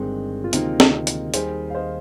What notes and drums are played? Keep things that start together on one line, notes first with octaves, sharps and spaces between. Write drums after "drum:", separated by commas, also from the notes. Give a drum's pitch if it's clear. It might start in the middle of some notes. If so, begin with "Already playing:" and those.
Already playing: G1 G2 D#3 G#3 C4
F4
D2 C3 D#3 A#3 C4 D#4, drum: hi-hat
drum: snare
drum: hi-hat
D#2 D#3 G3 G#4 C5, drum: hi-hat
F5
C5 D#5